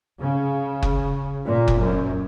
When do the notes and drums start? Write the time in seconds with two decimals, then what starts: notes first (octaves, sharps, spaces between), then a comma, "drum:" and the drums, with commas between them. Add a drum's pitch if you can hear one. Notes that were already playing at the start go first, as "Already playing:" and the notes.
0.19 C#3
0.83 drum: kick F#1
1.46 A#2
1.68 drum: kick F#1
1.78 F#2